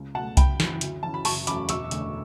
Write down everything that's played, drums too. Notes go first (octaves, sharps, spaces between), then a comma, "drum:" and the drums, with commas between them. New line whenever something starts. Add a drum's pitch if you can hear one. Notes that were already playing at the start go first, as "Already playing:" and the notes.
Already playing: C#2
B2 F#3 A3 F#5 A5
F#1 G5 B5, drum: kick C2, hi-hat
F#2 E3, drum: snare
D2, drum: hi-hat
C#3 E3 A5
B5
F#1 A5 C#6, drum: open hi-hat
E2 C#3 F#3 A3 B5 D6, drum: hi-hat
E1 C#6 E6, drum: hi-hat
E2 D3 A3, drum: hi-hat